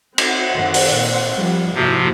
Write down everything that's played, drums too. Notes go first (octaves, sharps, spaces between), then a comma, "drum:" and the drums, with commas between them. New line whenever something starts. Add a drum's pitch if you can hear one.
C4 F#5, drum: cymbal
F#2 D#3
drum: open hi-hat
A#2
F3 G3
F2 G#2 C3 F3 A#3 E4 F#4